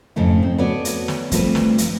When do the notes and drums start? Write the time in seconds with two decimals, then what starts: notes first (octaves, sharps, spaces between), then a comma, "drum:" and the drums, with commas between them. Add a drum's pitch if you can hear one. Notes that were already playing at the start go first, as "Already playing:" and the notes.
0.16 F2 G#2 C#3 A3 E4
0.43 C4
0.58 B3 F#4 A4 C#5 D5
0.85 drum: hi-hat
1.08 drum: snare
1.32 G2 F3 G3 A3 C4 B4, drum: kick, hi-hat
1.55 drum: snare
1.78 drum: hi-hat